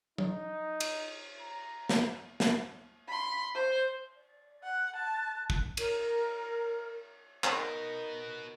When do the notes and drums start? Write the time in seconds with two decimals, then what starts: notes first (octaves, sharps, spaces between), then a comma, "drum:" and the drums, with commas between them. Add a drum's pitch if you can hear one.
0.18 D#4, drum: tom F#3
0.80 drum: cymbal
1.41 A#5
1.89 drum: snare
2.40 drum: snare
3.08 B5 C6
3.55 C5
4.16 D5
4.64 F#5 F#6
4.96 A5
5.50 drum: kick
5.77 A#4, drum: cymbal
7.44 D#4 F#4 A#4 B4, drum: clap